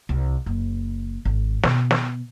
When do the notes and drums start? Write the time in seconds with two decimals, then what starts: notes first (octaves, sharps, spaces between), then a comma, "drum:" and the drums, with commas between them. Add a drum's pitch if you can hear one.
0.09 C2
0.46 F#1
1.25 G#1
1.63 B2, drum: snare
1.91 drum: snare